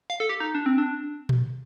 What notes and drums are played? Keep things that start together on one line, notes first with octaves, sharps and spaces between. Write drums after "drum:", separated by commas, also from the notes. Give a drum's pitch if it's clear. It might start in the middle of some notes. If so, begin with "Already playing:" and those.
F5
A4
G4
D#4
D4
C4
D4
drum: tom A#2